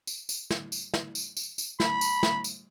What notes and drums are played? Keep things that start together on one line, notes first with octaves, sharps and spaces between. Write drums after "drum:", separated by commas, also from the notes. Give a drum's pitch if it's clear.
drum: tambourine
drum: tambourine
drum: snare
drum: tambourine
drum: snare
drum: tambourine
drum: tambourine
drum: tambourine
B5, drum: snare
drum: tambourine
drum: snare
drum: tambourine